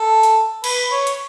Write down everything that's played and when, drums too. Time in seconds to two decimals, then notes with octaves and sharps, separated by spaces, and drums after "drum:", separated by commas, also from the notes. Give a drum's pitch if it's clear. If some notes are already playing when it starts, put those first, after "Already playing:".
Already playing: A4
0.23 drum: hi-hat
0.64 B4, drum: cymbal
0.91 C#5
1.07 drum: hi-hat